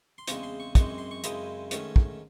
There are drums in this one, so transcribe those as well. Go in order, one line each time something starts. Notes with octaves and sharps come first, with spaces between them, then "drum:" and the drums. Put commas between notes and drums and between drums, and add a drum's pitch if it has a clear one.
C6
E2 C#3 G#3 C4 C#6, drum: hi-hat
C6
C#6
F#2 E3 G#3 C4 C#6, drum: kick, hi-hat
C6
C#6
F#2 C#3 G#3 C4 E4 D#6, drum: hi-hat
G#2 D#3 A3 C#4, drum: hi-hat
drum: kick